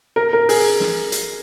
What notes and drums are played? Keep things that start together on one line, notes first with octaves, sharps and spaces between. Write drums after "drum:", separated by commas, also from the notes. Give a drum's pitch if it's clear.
A#4
A#4
G#4, drum: open hi-hat
drum: snare
drum: hi-hat